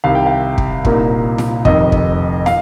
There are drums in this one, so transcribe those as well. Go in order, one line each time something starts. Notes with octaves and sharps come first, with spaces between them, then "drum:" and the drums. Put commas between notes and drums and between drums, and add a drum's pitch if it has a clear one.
C2 C3 D#3 F5
G5
F5
drum: kick
C2 A#2 A#3 D#4, drum: kick
drum: snare
F1 F2 D#3 D#5, drum: kick
drum: kick
F5, drum: snare